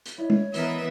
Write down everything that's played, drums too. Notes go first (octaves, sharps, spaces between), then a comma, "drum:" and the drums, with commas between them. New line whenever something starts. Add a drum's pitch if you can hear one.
drum: hi-hat
E4 C#5 D#5
drum: tom G#3
E3 B3 A#4 B4 D#5 E5, drum: hi-hat